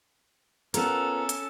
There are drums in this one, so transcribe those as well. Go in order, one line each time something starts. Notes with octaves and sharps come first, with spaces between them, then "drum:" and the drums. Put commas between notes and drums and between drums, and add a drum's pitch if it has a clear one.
B3 C#4 F4 A4 A#4, drum: hi-hat
drum: hi-hat